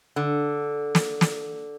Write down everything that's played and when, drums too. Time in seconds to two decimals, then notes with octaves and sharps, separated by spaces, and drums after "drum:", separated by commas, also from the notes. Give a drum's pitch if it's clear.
0.16 D3
0.95 drum: snare
1.21 drum: snare